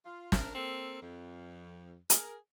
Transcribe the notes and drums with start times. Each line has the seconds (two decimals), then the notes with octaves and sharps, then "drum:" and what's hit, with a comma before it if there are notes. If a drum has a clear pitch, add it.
0.05 F4
0.32 D4 A#4, drum: snare
0.55 A#3 C4 A4
1.02 F2
2.10 G#4 A#4, drum: hi-hat